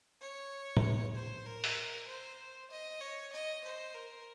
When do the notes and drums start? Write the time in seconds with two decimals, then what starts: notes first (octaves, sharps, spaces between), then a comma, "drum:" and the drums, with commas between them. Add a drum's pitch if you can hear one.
0.21 C#5
0.77 drum: tom A2
1.15 C5
1.46 A#4
1.64 drum: open hi-hat
2.08 C5
2.70 D#5
3.01 C#5
3.32 D#5
3.64 C5
3.95 A#4